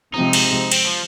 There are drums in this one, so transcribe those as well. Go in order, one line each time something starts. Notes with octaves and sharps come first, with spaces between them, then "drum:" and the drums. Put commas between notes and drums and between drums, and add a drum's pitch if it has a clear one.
C3 F3 G#3 C4 D#4
drum: cymbal
C4, drum: cymbal
F3